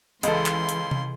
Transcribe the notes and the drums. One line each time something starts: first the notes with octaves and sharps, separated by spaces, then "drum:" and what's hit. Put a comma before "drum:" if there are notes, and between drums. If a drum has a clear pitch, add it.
C#2 E3 G#3 A4 C6, drum: hi-hat
drum: clap
drum: hi-hat
drum: tom C3